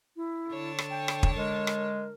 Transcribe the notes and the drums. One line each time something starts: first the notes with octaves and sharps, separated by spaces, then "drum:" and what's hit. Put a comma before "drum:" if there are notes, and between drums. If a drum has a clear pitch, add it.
E4
D3 C#5 A5
drum: rim click
G5
drum: rim click
drum: kick
G#3 A#4
drum: rim click